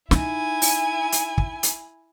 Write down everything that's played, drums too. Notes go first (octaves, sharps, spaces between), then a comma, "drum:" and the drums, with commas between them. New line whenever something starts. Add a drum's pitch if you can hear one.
D#4 E4 G#5, drum: snare
drum: open hi-hat
drum: hi-hat
drum: kick
drum: hi-hat